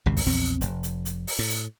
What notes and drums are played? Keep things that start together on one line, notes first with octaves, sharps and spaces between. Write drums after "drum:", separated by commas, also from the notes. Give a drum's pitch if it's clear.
G#1 C#2 C3
drum: kick, open hi-hat
A#1 E2 C4
F1, drum: hi-hat
drum: hi-hat
drum: hi-hat
drum: open hi-hat
A2
drum: hi-hat